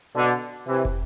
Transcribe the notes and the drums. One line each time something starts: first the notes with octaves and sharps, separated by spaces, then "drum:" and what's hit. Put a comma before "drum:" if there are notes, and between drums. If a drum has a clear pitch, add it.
B2 D3
C3 E3
drum: kick